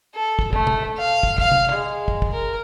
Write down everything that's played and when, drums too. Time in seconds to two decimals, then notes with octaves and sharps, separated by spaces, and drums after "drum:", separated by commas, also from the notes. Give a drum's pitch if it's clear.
0.15 A4
0.39 drum: kick
0.53 A3, drum: kick
0.67 drum: tom B2
0.98 F5
1.23 drum: kick
1.38 F5, drum: kick
1.52 drum: tom
1.72 G#3
2.08 drum: kick
2.22 drum: kick
2.32 A#4